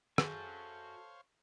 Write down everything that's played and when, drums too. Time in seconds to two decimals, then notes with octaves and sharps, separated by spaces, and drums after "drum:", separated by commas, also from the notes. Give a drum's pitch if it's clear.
0.18 F#4 G#4 A4 C5 C#5 F5 G#5, drum: rim click